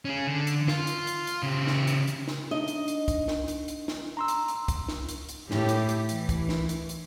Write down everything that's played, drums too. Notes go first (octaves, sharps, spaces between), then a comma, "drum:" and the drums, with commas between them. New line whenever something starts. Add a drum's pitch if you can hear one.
C#4 G#4
D3
drum: hi-hat
F4, drum: snare
drum: hi-hat
drum: hi-hat
drum: hi-hat
C#3 G4
drum: snare
drum: hi-hat
drum: hi-hat
drum: snare
D4 D#4 D#5
drum: hi-hat
drum: hi-hat
drum: kick, hi-hat
drum: snare
drum: hi-hat
drum: hi-hat
drum: snare
A#5 C6 E6
drum: hi-hat
drum: hi-hat
drum: kick, hi-hat
drum: snare
drum: hi-hat
drum: hi-hat
A2 G4, drum: snare
drum: hi-hat
drum: hi-hat
E3, drum: hi-hat
drum: kick, hi-hat
drum: snare
drum: hi-hat
drum: hi-hat